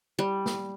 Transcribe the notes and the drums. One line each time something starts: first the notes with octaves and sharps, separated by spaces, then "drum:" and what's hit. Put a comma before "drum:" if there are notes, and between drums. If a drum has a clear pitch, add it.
G3
drum: snare